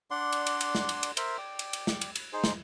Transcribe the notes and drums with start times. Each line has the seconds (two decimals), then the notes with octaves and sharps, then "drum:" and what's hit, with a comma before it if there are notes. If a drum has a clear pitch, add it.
0.11 D4 D5 F#5 C6
0.32 drum: cymbal
0.47 drum: cymbal
0.61 drum: cymbal
0.75 drum: snare
0.89 drum: cymbal
1.03 drum: cymbal
1.17 A#4 C5 E5, drum: cymbal
1.38 D5 G5
1.59 drum: cymbal
1.73 drum: cymbal
1.87 drum: snare
2.01 drum: cymbal
2.15 drum: cymbal
2.33 D#4 G#4 C5
2.44 drum: snare